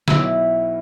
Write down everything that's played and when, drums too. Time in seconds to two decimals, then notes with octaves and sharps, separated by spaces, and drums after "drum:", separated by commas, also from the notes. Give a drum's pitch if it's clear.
0.08 B1 B2 F#3 E4, drum: snare